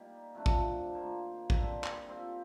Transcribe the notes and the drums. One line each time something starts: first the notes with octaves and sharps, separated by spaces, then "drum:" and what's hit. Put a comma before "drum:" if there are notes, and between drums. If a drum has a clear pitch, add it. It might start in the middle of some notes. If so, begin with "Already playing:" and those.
Already playing: G3 A#3 D#4 G4
C3 F3 A3 D4
drum: kick A1
D#3 A#3 F4 C5
D3 G3 C4 G4, drum: kick A1
drum: clap
G3 C4 F4